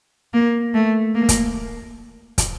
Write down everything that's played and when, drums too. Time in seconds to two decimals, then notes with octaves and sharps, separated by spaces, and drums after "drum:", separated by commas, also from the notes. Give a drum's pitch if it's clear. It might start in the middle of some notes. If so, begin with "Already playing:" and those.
0.33 A#3
0.74 A3
1.15 A#3
1.29 drum: kick, hi-hat
2.38 drum: kick, hi-hat